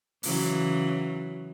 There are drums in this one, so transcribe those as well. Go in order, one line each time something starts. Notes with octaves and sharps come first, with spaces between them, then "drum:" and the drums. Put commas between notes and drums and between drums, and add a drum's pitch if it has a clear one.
C#3 E3 F#3, drum: open hi-hat